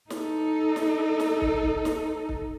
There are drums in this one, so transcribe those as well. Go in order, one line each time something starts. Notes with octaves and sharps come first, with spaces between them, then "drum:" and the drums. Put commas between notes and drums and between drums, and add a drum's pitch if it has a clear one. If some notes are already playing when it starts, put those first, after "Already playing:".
D#4 A4, drum: snare
drum: snare
drum: snare
drum: kick
drum: kick
drum: snare
drum: kick